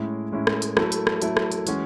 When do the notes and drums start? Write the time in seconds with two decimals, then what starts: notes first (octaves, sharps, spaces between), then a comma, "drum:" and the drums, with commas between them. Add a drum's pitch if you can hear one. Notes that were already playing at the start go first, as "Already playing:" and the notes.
Already playing: A2 G#3 C#4 E4
0.32 A2 G#3 C#4 E4
0.47 drum: rim click
0.62 drum: hi-hat
0.77 F#3 A3 E4, drum: rim click
0.92 drum: hi-hat
1.07 drum: rim click
1.22 F#3 A3 E4, drum: hi-hat
1.37 drum: rim click
1.52 drum: hi-hat
1.67 E3 G#3 C#4 F#4, drum: hi-hat